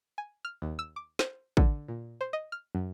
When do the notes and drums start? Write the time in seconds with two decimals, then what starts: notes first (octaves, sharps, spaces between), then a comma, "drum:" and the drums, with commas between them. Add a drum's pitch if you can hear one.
0.18 G#5
0.45 F6
0.62 D#2
0.79 E6
0.96 D6
1.19 C5, drum: snare
1.57 D3, drum: kick
1.88 A#2
2.21 C5
2.33 D#5
2.52 F6
2.75 F#2